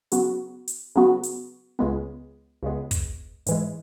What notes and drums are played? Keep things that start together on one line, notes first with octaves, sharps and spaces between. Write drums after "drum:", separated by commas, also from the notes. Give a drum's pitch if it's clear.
C#3 F#3 B3 F#4, drum: hi-hat
drum: hi-hat
C#3 F#3 B3 F#4
drum: hi-hat
C#2 C#3 G#3 B3
C#2 C#3 G#3 B3
drum: kick, hi-hat
G#2 E3 G#3, drum: hi-hat